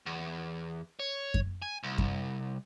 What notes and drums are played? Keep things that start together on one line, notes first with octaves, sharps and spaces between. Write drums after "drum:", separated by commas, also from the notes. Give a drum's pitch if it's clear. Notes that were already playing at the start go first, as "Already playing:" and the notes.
E2
C#5
drum: kick F#2
G#5
C2
drum: kick F#2